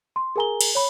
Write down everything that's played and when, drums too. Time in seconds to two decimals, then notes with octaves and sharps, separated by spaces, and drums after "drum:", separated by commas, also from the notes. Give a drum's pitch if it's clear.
0.16 C6
0.36 G#4 A#4 G#5 A#5 G7
0.61 drum: cymbal
0.75 C#5 B5